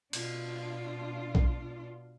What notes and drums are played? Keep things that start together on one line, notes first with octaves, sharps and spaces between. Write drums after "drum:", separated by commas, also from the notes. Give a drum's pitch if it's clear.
B2 D4 F4, drum: cymbal
drum: kick A#1